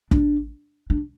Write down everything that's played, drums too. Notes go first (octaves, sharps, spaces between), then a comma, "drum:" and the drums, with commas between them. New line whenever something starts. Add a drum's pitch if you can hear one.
D4, drum: kick
D4